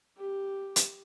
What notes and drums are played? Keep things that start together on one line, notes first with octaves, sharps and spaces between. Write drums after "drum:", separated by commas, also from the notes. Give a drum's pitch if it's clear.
G4
drum: hi-hat